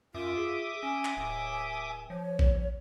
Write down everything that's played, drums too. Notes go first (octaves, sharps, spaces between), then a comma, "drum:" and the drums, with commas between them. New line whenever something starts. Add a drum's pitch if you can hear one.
F#2 F4 E5 D6 D#6
G#4
C#4 G#5
drum: clap
D1
F3 C#5
drum: kick A#1